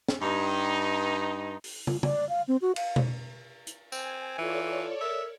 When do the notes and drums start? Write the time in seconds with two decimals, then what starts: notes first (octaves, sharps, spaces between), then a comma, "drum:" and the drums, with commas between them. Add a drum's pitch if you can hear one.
0.09 drum: snare
0.21 G2 D#4
1.64 drum: open hi-hat
1.87 F4, drum: tom
2.03 D5, drum: tom
2.29 F5
2.48 C4
2.62 F#4
2.76 F5, drum: cymbal
2.96 drum: tom B2
3.67 drum: hi-hat
3.92 C4 G#5, drum: tambourine
4.38 E3 F4 A4 C#5 D5
5.01 A#4 E5